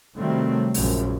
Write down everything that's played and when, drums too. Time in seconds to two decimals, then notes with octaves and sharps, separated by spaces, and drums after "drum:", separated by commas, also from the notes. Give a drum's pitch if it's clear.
0.15 C3 D#3 F#3 G3 A3 C4
0.74 A#1 F#2 C#3 F3, drum: open hi-hat